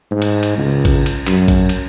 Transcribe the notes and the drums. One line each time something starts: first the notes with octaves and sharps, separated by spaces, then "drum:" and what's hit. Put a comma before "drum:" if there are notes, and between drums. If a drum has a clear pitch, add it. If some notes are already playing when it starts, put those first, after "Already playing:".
G#2
drum: cymbal
drum: cymbal
C#2
drum: kick, cymbal
drum: cymbal
F#2, drum: clap
drum: kick, cymbal
drum: cymbal